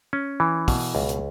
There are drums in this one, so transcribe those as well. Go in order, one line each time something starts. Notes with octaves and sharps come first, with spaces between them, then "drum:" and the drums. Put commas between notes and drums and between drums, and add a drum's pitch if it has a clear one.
C#4
E3
B2, drum: kick, open hi-hat
C#2
drum: hi-hat